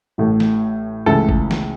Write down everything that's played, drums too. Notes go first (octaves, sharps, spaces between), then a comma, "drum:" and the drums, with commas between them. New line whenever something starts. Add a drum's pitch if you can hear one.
A1 A2 A3
drum: snare
C#2 C#3 E3 A3 A4
drum: kick G1
drum: snare